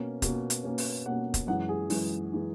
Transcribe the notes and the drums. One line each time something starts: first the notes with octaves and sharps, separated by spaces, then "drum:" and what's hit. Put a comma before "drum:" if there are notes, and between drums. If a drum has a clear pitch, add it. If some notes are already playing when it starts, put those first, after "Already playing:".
Already playing: B2 A#3 C#4
B2 A#3 C#4, drum: kick, hi-hat
drum: hi-hat
B2 A#3 C#4
drum: open hi-hat
B2 A#3 C#4 F#5
drum: kick, hi-hat
F#2 E3 G#3 F#5
G#4
F#2 E3 G#3, drum: open hi-hat
E3 G#3